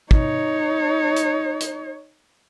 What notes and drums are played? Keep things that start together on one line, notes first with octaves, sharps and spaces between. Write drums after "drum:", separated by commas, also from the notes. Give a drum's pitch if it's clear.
D#4 C#5, drum: kick
drum: hi-hat
drum: hi-hat